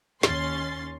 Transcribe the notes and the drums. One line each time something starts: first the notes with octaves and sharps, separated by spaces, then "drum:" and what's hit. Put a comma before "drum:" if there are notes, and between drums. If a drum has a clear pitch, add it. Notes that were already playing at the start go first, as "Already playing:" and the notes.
D#2 C#4 C6 A6, drum: snare